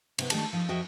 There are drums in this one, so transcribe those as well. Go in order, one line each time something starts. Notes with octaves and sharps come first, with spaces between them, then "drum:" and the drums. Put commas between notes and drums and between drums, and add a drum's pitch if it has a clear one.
C3 B3, drum: cymbal
D#3 G#3 A3 D4 G4 A5, drum: cymbal
F3 D#4
F2 F#4 D#5 E5 G5